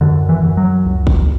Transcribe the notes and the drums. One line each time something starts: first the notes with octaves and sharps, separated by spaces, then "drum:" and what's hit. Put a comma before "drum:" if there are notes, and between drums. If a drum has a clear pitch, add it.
F#2 D3
E3
F#2
F#3
C#2
drum: kick